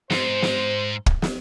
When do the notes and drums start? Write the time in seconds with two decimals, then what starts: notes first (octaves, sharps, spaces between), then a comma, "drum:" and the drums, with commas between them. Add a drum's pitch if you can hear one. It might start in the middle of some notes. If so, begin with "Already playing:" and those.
0.10 G#2 C5, drum: snare
0.42 drum: snare
1.06 drum: kick
1.22 drum: snare